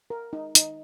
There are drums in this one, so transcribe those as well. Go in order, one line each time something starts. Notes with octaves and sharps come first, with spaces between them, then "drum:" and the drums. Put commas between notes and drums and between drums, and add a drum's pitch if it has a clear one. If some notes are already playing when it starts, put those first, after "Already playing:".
A#4
D#4
D#4, drum: hi-hat